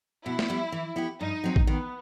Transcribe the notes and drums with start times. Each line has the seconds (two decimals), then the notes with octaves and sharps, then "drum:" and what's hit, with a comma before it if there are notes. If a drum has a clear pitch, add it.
0.25 B2 E4
0.39 drum: snare
0.48 G3 B3
0.72 E3
0.96 B3 E4 G4
1.20 G2 D#4
1.44 F#3 C4
1.56 drum: kick A1
1.67 D#3 B3